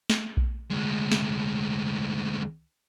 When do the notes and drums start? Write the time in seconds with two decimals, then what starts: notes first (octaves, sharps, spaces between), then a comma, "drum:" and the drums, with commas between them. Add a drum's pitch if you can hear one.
0.10 drum: snare
0.37 drum: kick A#1
0.71 D2 G#3
1.12 drum: snare